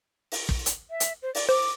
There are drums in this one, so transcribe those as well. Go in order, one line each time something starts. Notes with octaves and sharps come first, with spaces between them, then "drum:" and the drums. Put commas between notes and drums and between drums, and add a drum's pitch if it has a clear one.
drum: open hi-hat
drum: kick
drum: hi-hat
E5
drum: hi-hat
C5
D5, drum: open hi-hat
C5 D6